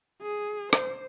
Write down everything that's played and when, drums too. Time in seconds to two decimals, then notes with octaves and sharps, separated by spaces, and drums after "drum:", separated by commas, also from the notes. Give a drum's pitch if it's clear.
0.22 G#4
0.73 C5, drum: rim click